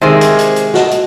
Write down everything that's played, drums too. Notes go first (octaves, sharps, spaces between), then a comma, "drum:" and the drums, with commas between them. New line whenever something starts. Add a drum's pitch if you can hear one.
C3 D#3 G#3 G#4 C5 E5
drum: hi-hat
drum: hi-hat
drum: hi-hat
F#4 D#5 A5, drum: snare
drum: hi-hat